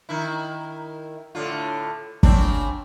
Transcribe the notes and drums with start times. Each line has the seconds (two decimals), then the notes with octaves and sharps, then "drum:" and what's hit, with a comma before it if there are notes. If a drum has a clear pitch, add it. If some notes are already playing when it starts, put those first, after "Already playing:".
0.09 D#3 E4
1.35 A2 D3 F4
2.23 C#3 C4 D4, drum: kick